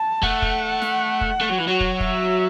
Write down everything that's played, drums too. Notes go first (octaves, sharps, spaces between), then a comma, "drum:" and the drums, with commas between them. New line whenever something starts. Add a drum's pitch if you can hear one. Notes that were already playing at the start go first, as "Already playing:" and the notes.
Already playing: A5
A3 F#5, drum: kick
drum: kick
drum: snare
drum: kick
A3
F#3
E3
F#3
drum: kick
E5, drum: kick